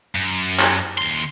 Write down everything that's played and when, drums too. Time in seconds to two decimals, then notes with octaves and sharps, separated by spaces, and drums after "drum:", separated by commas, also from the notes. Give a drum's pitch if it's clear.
0.15 F#2
0.59 drum: clap
0.98 D#2 C6